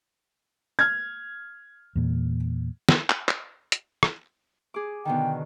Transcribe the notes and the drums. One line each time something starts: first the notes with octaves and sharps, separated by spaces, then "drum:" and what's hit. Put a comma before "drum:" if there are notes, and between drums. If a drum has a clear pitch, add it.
F6 G#6
E2 A#2
drum: snare
drum: clap
drum: clap
drum: hi-hat
drum: rim click
G#4 D6
B2 D3 D#3 G5